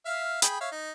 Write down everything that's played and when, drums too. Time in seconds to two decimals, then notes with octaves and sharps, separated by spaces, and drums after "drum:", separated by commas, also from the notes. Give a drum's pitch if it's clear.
0.06 E5 F5 F6
0.42 G#4 G5 B5, drum: hi-hat
0.61 C#5 E5 F5
0.72 D#4